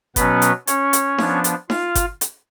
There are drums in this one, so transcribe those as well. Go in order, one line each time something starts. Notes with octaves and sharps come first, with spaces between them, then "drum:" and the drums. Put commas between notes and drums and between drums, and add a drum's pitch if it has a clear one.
B2 F#3 B3 C#4 B4, drum: kick G1, hi-hat
drum: hi-hat
C#4 C#5, drum: hi-hat
drum: hi-hat
F3 B3 D4, drum: snare D#4
drum: hi-hat
F4 F5, drum: snare D#4
drum: kick G1, hi-hat
drum: hi-hat